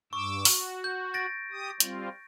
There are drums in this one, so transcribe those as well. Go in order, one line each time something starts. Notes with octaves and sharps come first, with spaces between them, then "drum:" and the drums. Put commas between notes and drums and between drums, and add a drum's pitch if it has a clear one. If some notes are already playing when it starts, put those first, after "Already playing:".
G2 C#6 D6 E6
F#4, drum: open hi-hat
G6
A6 A#6 D7
G4 D#6
G3 C4 F4, drum: hi-hat